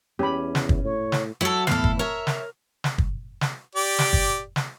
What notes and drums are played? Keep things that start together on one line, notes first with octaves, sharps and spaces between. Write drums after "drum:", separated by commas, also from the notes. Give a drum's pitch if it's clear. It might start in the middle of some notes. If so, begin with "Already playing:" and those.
E2 C#4 G4 B5
drum: snare
drum: kick
A2 C#5
drum: snare
F#3 E4 F#4 A4 C#5
E2 A2 E4 A4 F5, drum: snare
drum: kick
A#4 C#5 E5
drum: snare
drum: snare
drum: kick
drum: snare
G4 D5
drum: snare
drum: kick
drum: snare